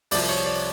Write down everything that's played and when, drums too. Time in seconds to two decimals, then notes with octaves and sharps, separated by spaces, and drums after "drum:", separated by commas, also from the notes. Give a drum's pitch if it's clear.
0.11 C2 C3 F3 D5, drum: open hi-hat
0.29 C#5
0.46 D5